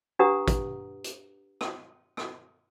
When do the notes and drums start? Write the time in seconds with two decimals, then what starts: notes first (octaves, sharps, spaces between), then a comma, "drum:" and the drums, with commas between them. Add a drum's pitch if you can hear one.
0.19 D4 G4 B4 F#5 A#5 D#6
0.48 drum: kick, hi-hat
1.04 drum: hi-hat
1.61 drum: rim click
2.17 drum: rim click